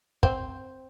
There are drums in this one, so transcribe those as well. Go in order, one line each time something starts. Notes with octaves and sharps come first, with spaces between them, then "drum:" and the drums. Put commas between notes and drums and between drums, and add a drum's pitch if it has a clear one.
C4, drum: kick